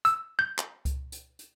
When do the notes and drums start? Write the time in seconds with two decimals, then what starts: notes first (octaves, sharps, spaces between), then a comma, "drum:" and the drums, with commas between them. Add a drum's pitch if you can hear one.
0.05 E6, drum: hi-hat
0.39 G6
0.58 drum: clap
0.85 drum: kick C#2, hi-hat
1.12 drum: hi-hat
1.39 drum: hi-hat